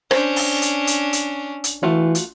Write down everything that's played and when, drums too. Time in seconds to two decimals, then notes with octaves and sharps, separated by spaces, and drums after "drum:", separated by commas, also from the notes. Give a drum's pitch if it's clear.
0.11 C#4 D4 C5, drum: rim click
0.36 drum: open hi-hat
0.62 drum: hi-hat
0.87 drum: hi-hat
1.13 drum: hi-hat
1.64 drum: hi-hat
1.83 E3 A3 F4 F#4
2.15 drum: hi-hat